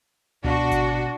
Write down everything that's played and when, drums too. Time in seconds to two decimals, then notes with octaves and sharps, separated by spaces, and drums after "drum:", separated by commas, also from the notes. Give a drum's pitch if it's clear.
0.44 B2 D4 F#4, drum: tom C#2
0.71 drum: kick G#1, hi-hat